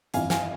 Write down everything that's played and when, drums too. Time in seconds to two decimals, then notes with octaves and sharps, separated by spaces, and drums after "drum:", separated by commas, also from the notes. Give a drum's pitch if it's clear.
0.14 G1 F2 E3 F5 G#5, drum: hi-hat
0.30 F5 G#5, drum: snare